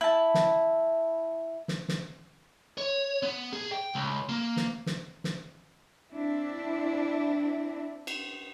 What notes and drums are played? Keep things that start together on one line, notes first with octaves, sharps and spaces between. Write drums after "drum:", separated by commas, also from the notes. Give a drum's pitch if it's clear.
E4 A5
drum: snare
drum: snare
drum: snare
C#5
B3
G#4
G5
C#2
A#3
drum: snare
drum: snare
drum: snare
C4 D4 E4
drum: cymbal